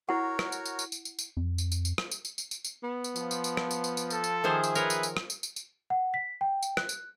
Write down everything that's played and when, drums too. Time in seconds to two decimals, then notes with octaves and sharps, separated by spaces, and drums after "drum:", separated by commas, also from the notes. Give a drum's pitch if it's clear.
0.09 E4 F#4 A#4 C#5 F#5
0.39 drum: rim click
0.52 drum: tambourine
0.66 drum: tambourine
0.79 drum: tambourine
0.92 drum: tambourine
1.05 drum: tambourine
1.19 drum: tambourine
1.37 F2
1.58 drum: tambourine
1.72 drum: tambourine
1.85 drum: tambourine
1.98 drum: rim click
2.11 drum: tambourine
2.25 drum: tambourine
2.38 drum: tambourine
2.51 drum: tambourine
2.65 drum: tambourine
2.83 B3
3.04 drum: tambourine
3.16 F3, drum: tambourine
3.31 drum: tambourine
3.44 drum: tambourine
3.57 drum: rim click
3.71 drum: tambourine
3.84 drum: tambourine
3.97 drum: tambourine
4.10 A4, drum: tambourine
4.24 drum: tambourine
4.44 D#3 F3 G#4 C5 E5 G#5
4.63 drum: tambourine
4.75 A#4 B4 C#5, drum: tambourine
4.90 drum: tambourine
5.03 drum: tambourine
5.17 drum: rim click
5.30 drum: tambourine
5.43 drum: tambourine
5.56 drum: tambourine
5.90 F#5
6.14 B6
6.41 G5
6.62 drum: tambourine
6.77 F#6, drum: rim click
6.89 drum: tambourine